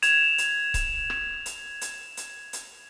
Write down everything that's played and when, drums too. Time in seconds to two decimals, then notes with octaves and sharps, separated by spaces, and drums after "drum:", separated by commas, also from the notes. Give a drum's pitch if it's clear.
0.02 G#6 E7 F7, drum: hi-hat
0.38 drum: hi-hat
0.74 drum: kick C#1, hi-hat
1.10 drum: rim click
1.46 drum: hi-hat
1.81 drum: hi-hat
2.17 drum: hi-hat
2.53 drum: hi-hat